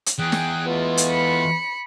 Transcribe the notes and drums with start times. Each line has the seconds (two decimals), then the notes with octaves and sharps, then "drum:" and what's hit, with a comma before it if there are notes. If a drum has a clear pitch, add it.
0.06 drum: hi-hat
0.19 E2 G#4 G5 F#6
0.32 drum: snare
0.66 G#3 A3 B3 F4
0.97 drum: hi-hat
1.10 B5 C#7